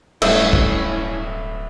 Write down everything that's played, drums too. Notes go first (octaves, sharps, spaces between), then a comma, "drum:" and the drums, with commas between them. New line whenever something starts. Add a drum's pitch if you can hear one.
D1 G2 A3 C#4 E4 E5, drum: cymbal
drum: kick